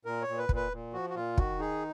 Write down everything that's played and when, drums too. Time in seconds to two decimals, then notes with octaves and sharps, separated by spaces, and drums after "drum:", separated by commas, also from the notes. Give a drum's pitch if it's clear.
0.05 A#2 A#4
0.22 C#5
0.28 A#2
0.38 B4
0.49 A#2, drum: kick
0.56 B4
0.72 A#2
0.93 F3 F#4
1.10 F#4
1.15 A#2 F4
1.38 D#3 F#4, drum: kick
1.59 D#4 G#4